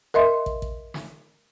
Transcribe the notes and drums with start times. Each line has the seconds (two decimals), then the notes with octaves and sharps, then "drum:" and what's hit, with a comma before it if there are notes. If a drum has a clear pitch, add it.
0.14 A#4 D#5 E5 C6
0.46 drum: kick
0.62 drum: kick
0.94 drum: snare